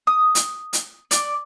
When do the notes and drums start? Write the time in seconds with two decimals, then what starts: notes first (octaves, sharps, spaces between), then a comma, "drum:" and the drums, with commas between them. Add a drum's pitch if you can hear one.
0.07 D#6
0.35 drum: hi-hat
0.73 drum: hi-hat
1.11 D5, drum: hi-hat